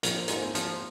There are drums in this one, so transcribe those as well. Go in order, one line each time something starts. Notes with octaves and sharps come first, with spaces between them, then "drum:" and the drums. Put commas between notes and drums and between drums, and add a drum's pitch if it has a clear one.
A#1 A#4, drum: hi-hat
C5
G#2 A#3 A#4, drum: hi-hat
C4 C5
F3, drum: hi-hat